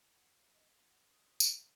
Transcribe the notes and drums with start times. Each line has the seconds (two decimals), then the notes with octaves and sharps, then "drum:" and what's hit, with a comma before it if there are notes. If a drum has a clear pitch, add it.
0.13 F#5
0.23 F5
0.33 F#5
0.38 F5
0.52 D#5
0.67 F5
0.81 F#5
1.11 D#6
1.30 D#6
1.40 C#6, drum: tambourine
1.55 F5